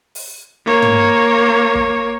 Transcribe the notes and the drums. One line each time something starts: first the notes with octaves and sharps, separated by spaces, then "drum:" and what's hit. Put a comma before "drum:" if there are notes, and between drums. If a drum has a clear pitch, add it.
drum: open hi-hat
A#3 C#5
drum: tom
drum: kick